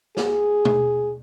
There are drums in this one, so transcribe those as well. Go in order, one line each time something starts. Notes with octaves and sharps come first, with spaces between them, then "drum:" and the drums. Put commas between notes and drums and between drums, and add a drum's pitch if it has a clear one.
G#4, drum: snare
drum: tom B2